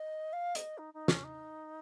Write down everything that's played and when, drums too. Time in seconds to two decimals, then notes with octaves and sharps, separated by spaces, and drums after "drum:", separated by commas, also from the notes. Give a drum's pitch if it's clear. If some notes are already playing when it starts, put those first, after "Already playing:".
Already playing: D#5
0.32 F5
0.55 D#5, drum: hi-hat
0.78 D#4
0.93 D#4
1.08 C#4, drum: snare
1.24 D#4